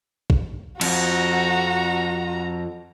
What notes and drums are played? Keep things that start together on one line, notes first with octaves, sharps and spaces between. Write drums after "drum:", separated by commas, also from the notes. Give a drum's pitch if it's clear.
drum: kick
F2 F#4 A#5, drum: cymbal